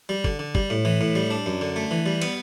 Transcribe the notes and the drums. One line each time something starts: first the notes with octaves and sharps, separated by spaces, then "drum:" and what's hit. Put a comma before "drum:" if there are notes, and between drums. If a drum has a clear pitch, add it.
G3
D3, drum: kick G1
D3
G3, drum: kick G1
A2
E3
A2
G3
D4
F#2
D3
A3
E3
G3
B3, drum: cymbal